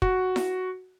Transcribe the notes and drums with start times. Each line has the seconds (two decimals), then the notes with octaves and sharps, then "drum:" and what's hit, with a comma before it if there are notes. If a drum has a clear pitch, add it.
0.02 F#4, drum: kick
0.36 drum: snare E4